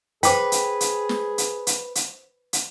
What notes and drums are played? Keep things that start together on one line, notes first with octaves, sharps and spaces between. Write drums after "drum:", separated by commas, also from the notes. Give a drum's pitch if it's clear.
G#4 B4 C5 G5 D6 B6, drum: hi-hat
drum: hi-hat
drum: hi-hat
drum: snare
drum: hi-hat
drum: hi-hat
drum: hi-hat
drum: hi-hat